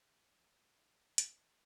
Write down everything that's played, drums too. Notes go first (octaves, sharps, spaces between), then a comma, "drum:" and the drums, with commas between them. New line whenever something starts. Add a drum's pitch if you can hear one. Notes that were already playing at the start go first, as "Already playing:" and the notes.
B3
D4
C#4, drum: hi-hat